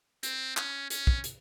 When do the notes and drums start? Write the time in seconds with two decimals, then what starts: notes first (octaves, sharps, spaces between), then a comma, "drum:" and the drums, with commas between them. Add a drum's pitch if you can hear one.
0.23 C4, drum: hi-hat
0.57 C#4, drum: clap
0.90 C#4, drum: hi-hat
1.07 drum: kick
1.24 drum: hi-hat